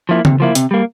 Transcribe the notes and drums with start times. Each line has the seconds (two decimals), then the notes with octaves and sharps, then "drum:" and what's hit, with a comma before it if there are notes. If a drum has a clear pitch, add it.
0.09 F3 A#3 E4
0.25 C3, drum: tom C#3
0.40 F3 A#3 E4
0.55 C3, drum: hi-hat
0.71 G3 A#3